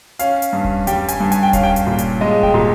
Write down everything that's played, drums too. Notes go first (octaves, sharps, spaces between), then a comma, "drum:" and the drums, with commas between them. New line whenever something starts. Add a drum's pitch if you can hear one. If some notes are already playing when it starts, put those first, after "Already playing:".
C#4 F5, drum: hi-hat
drum: hi-hat
G2
drum: kick D#1
G3 G5, drum: hi-hat
G#5, drum: hi-hat
G2
G#5, drum: hi-hat
G5
C#4 F5, drum: kick D#1, hi-hat
G5
drum: hi-hat
A#2
drum: hi-hat
G#3 D#5
G5, drum: kick D#1
A#2